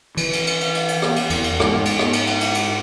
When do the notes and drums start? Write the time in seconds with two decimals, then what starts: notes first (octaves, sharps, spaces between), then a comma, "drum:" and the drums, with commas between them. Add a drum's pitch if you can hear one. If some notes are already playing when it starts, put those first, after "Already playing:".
0.17 E3, drum: cymbal
0.33 drum: cymbal
0.47 drum: cymbal
0.61 drum: cymbal
0.75 drum: cymbal
0.88 drum: cymbal
1.02 drum: rim click
1.16 drum: cymbal
1.30 E2, drum: cymbal
1.44 drum: cymbal
1.60 G#2, drum: rim click
1.76 G#2
1.85 drum: cymbal
1.99 drum: rim click
2.13 drum: cymbal
2.27 drum: cymbal
2.41 drum: cymbal
2.55 drum: cymbal